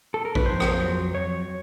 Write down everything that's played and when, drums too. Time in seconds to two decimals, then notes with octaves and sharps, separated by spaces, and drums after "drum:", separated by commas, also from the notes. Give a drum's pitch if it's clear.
0.14 A4
0.25 A#4
0.35 B4, drum: kick A#1
0.46 F2 C5
0.60 drum: rim click
0.80 F#3
1.15 F2 C#5